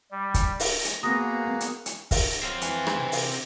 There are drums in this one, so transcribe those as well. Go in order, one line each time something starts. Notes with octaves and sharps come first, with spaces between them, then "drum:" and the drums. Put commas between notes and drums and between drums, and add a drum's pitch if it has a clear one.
G3
drum: kick, hi-hat
drum: open hi-hat
drum: hi-hat
A#3 B3 F#4 G#4 A#5 D#6 A#6
drum: hi-hat
drum: hi-hat
drum: kick, open hi-hat
F#3 C4 F4
E3, drum: hi-hat
drum: rim click
C3 C4
drum: open hi-hat